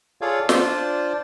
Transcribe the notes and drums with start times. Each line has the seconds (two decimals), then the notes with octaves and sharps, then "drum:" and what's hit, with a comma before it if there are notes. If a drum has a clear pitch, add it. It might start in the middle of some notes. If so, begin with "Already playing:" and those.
0.21 F4 G#4 A4 C#5 D5 F5
0.49 D4 F4 C5 D5, drum: snare